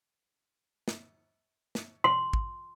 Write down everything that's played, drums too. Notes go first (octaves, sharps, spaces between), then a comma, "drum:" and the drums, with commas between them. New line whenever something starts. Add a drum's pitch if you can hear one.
drum: snare
drum: snare
C6, drum: tom B2
drum: kick